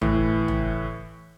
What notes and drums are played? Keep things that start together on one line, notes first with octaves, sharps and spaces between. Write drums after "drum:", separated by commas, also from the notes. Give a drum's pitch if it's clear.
A2 E3, drum: tom
drum: tom